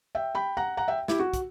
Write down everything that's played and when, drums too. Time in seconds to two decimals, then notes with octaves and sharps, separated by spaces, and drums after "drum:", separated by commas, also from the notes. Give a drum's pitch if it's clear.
0.15 E5 G5
0.35 G5 B5
0.57 F#5 A#5
0.77 F#5 A#5
0.88 E5 G5
1.08 E4 G4, drum: snare
1.19 F#4
1.34 drum: kick, hi-hat